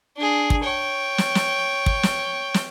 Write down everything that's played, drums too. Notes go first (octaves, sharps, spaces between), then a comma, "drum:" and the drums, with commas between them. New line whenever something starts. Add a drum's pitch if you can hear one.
D4 G#4
drum: kick
C#5 G5
drum: snare
drum: snare
drum: kick
drum: snare
drum: snare